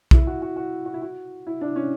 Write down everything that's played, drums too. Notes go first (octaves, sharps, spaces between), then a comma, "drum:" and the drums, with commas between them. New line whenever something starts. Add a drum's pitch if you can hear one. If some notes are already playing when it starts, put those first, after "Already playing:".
E4, drum: kick B1
F#4
F#4
F#4
F#4
E4
F#4
E4
D4
C#4